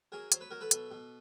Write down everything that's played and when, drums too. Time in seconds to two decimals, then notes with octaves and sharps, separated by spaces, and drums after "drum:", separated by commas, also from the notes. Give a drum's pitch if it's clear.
0.12 F#3 G#4 A#4
0.32 F#3 C5, drum: hi-hat
0.41 B4
0.50 F#3 A#4
0.61 A4 B4
0.71 B2, drum: hi-hat
0.91 B2